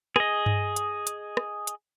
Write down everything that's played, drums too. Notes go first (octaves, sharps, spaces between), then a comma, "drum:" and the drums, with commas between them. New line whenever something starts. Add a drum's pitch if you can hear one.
G#4 D#5, drum: rim click
drum: tom G2
drum: hi-hat
drum: hi-hat
drum: rim click
drum: hi-hat